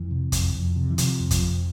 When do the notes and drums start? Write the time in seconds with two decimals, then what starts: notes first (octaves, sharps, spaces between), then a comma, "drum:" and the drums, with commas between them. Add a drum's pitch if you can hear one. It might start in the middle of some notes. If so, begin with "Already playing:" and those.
Already playing: F2 E3
0.11 C3
0.32 F2, drum: kick, hi-hat
0.54 F2
0.76 C3
0.91 E3
0.98 C3 F3, drum: hi-hat
1.20 F2
1.31 F3, drum: kick, hi-hat
1.42 F2